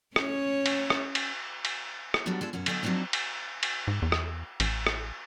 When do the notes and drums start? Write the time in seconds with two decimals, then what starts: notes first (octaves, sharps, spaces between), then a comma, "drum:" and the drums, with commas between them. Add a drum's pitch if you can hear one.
0.16 C#4 C#5, drum: rim click
0.66 drum: cymbal
0.90 drum: rim click
1.15 drum: cymbal
1.65 drum: cymbal
2.14 drum: rim click
2.26 F#3 G3 B3 D4 F#4
2.41 G#3 D4 F4 A4
2.53 F#2 B2 C#4 F#4
2.66 D3 F#3 D#5, drum: cymbal
2.83 F3 F#3 A#3 C4 D4 D#4
3.13 drum: cymbal
3.63 drum: cymbal
3.87 G#2
4.02 E2
4.12 drum: rim click
4.60 A1, drum: cymbal
4.87 drum: rim click